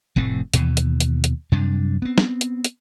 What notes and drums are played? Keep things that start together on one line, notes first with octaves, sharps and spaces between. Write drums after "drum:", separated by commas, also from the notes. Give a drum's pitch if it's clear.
F1 A2 A3 C4
D#2 B2 E3, drum: hi-hat
drum: hi-hat
drum: hi-hat
drum: hi-hat
F#2 C3 G3 D4
B3 C4
drum: snare
drum: hi-hat
drum: hi-hat